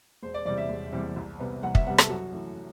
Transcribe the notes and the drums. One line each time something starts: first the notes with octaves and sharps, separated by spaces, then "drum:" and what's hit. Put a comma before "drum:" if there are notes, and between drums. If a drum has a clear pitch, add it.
E1 C5
D5
E2 C3 G3 D5
E5
E1
E2 C3 G3
C2
C3 G3 B3
C2 F#5
E5, drum: kick
C3 G3 B3 F#5
A4, drum: rim click
F#2 F#4
E3 A3